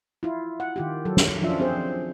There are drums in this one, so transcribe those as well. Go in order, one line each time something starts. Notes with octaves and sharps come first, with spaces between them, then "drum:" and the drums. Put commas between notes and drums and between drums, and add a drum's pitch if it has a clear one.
E4 F4
F#5
D#3 F4 G4
F#3 A4
drum: snare
F3 C#4 D4 F4 E5
C4 G#4 C5